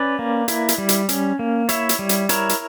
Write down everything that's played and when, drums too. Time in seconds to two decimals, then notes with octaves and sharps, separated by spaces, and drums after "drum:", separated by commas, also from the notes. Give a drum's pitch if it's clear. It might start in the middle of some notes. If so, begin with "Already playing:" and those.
Already playing: C#4 B4 D5
0.19 A#3
0.48 E4, drum: hi-hat
0.69 drum: hi-hat
0.78 G3
0.89 drum: hi-hat
1.09 C#4, drum: hi-hat
1.39 A#3
1.69 E4 C#5 E5, drum: hi-hat
1.89 drum: hi-hat
1.99 G3
2.09 drum: hi-hat
2.29 E4 A#4 C#5, drum: hi-hat
2.49 drum: hi-hat